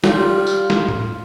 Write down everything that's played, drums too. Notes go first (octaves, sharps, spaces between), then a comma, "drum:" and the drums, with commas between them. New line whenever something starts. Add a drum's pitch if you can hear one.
G3 F4, drum: snare
drum: tambourine
drum: snare
drum: tom